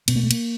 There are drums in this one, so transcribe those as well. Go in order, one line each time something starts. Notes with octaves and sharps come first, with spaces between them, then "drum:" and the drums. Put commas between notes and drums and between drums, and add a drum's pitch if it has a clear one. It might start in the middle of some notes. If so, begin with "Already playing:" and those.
B2 B3, drum: cymbal
A#3
A3
A#3, drum: cymbal